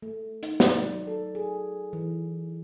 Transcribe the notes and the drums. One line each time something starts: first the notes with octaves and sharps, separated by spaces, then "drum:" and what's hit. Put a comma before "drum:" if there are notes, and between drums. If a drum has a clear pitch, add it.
A3
D#4, drum: hi-hat
D5, drum: snare
F#3
A4
G#4
E3